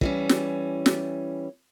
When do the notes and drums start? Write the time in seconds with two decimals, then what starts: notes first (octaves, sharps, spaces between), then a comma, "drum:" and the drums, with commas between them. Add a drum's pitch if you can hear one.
0.01 E3 G3 C#4, drum: kick
0.29 drum: snare
0.86 drum: snare